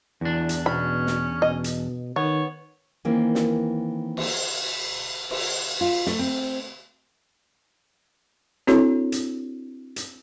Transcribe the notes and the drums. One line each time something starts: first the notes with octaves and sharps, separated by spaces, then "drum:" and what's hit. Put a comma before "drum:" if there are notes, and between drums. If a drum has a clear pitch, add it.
E2 E3 D4
drum: hi-hat
B2 C#4 B5
drum: snare
B2 D#5
drum: hi-hat
D#3 B3 C#5
D#3 E3 A#3 C4 C#4
drum: snare
drum: cymbal
drum: cymbal
F4
A3, drum: snare
C4
C4 D4 E4 F#4 A4 C#5, drum: snare
drum: hi-hat
drum: hi-hat